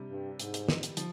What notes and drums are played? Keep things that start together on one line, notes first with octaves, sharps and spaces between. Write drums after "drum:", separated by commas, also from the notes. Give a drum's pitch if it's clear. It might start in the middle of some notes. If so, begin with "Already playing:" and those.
Already playing: C3 G3 D4 G4
G2
G#2, drum: hi-hat
drum: hi-hat
drum: snare
drum: hi-hat
F3, drum: hi-hat